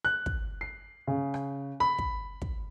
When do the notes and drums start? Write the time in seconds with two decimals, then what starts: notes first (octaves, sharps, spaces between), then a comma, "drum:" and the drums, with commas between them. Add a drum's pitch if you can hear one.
0.05 F#6
0.26 drum: kick
0.61 C7
1.07 C#3
1.34 drum: rim click
1.80 B5
1.98 drum: kick
2.42 drum: kick